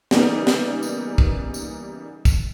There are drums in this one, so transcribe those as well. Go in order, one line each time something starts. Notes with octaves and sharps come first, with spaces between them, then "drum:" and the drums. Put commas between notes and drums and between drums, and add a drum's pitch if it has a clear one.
C#3 E3 G3 A#3 B3 D#4, drum: snare
drum: snare
drum: tambourine
drum: kick
drum: tambourine
drum: kick, tambourine